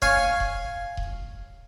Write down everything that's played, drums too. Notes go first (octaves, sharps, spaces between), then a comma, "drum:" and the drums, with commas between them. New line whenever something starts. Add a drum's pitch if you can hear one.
C#5 F5 G#5, drum: kick D#1
drum: kick D#1
drum: kick D#1